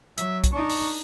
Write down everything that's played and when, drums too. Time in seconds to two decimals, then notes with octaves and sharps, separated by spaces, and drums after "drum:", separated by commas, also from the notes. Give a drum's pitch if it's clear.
0.18 F#3 E5, drum: hi-hat
0.44 drum: kick, hi-hat
0.53 D4 D#4 C#6
0.70 drum: open hi-hat